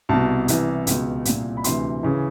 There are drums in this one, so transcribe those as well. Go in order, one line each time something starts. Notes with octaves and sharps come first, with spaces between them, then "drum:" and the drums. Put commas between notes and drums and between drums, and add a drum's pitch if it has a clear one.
C2 B2 A5
C2 C3 E3, drum: hi-hat
C#2 B2, drum: hi-hat
C2 A#2, drum: hi-hat
B5
D2 C3 E3 C6, drum: hi-hat
C#3 E3